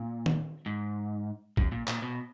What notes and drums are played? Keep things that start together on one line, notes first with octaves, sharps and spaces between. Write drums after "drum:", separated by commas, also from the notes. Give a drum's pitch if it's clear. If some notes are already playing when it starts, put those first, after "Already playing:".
Already playing: A#2
drum: tom
G#2
F#2, drum: kick
A#2
A#2, drum: clap
B2